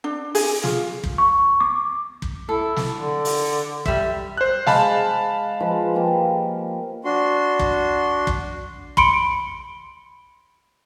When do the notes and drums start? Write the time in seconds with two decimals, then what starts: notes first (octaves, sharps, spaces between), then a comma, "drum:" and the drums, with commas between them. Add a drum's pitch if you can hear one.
0.04 D4
0.35 G#4, drum: open hi-hat
0.63 F4, drum: snare
1.04 drum: kick
1.18 C#6
1.61 D6
2.22 drum: kick
2.49 E4 A4
2.76 drum: snare
2.96 D3
3.25 drum: open hi-hat
3.86 G3 E5, drum: kick
4.37 C5 F#6
4.67 G#3 F5 A5 B5, drum: snare
5.60 F3 G#3 B4
5.95 F3 G3 A#3
7.04 D4 F#4 C6
7.59 drum: kick
8.27 drum: kick
8.97 B5 C6 C#7 D7, drum: kick